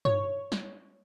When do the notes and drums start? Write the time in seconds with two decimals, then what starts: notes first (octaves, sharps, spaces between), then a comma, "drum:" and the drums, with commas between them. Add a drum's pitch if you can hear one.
0.05 C#5, drum: tom G2
0.52 drum: snare